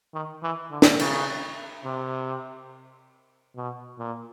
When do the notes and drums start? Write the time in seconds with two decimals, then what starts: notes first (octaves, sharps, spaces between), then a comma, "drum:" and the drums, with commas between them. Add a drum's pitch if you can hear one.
0.14 D#3
0.43 E3
0.71 D3
0.82 drum: snare
0.99 C#3, drum: cymbal
1.85 C3
3.56 B2
3.99 A#2